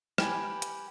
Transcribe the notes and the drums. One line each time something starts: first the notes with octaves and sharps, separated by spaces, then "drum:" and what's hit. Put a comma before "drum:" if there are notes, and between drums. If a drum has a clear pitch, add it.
G4 B4 G#5, drum: rim click
drum: hi-hat